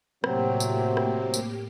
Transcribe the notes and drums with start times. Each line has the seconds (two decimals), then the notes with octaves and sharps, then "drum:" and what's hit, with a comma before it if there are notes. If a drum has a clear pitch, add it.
0.24 A2 C3 F#3 A#3 C4 G4, drum: rim click
0.60 drum: tambourine
0.97 drum: rim click
1.34 drum: tambourine